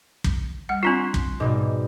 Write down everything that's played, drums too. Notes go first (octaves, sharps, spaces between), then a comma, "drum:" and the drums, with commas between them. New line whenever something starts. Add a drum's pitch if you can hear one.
drum: kick
G3 F#5
C4 D4 F4 C6 F#6 E7
drum: kick
G#2 B2 G3